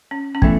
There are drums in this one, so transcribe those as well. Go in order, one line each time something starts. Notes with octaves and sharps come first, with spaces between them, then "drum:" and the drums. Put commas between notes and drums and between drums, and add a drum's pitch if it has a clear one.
C#4
C#4
E3 A3 B3, drum: kick